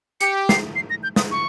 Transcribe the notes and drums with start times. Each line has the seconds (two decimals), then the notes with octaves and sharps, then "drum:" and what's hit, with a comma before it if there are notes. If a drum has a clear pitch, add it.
0.21 G4 C#7, drum: hi-hat
0.49 C7, drum: snare
0.76 C7
0.90 A#6
1.03 G6
1.16 D#6, drum: snare
1.31 C#6